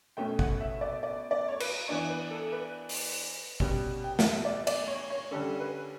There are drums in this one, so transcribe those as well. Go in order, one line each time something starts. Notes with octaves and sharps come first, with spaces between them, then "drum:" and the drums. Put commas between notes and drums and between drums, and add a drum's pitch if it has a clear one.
B2 A3 C#4 G5
F#5, drum: kick G#1
E5
D5
D5
D5
C#5
B4, drum: cymbal
E3 B3 D4 C#5
B4
A4
B4
drum: open hi-hat
B2 G3 C#4, drum: kick G#1
G5
F#5, drum: snare
E5
D5
D5, drum: cymbal
C#5
C#5
D3 G3 C#4 A4
B4